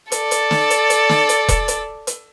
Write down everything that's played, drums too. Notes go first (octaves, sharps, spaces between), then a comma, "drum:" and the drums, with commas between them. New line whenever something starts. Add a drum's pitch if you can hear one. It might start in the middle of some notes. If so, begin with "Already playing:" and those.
A4 D5, drum: hi-hat
drum: hi-hat
drum: snare
drum: hi-hat
drum: hi-hat
drum: snare
drum: hi-hat
drum: kick E1, hi-hat
drum: hi-hat
drum: hi-hat